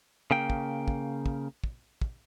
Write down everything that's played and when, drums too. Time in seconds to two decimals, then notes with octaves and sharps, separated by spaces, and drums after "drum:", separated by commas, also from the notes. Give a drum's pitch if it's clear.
0.31 C#3 A#3 G5
0.50 drum: kick
0.88 drum: kick
1.26 drum: kick
1.64 drum: kick
2.02 drum: kick